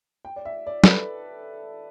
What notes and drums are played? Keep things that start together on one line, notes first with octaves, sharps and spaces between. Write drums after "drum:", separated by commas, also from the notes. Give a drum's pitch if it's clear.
G5
D5
E5
D5
A4, drum: snare
B4